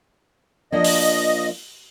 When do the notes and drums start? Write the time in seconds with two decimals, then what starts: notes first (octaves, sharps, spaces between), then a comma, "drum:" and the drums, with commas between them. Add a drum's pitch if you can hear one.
0.72 F3 A#3 D4 D#5
0.84 drum: open hi-hat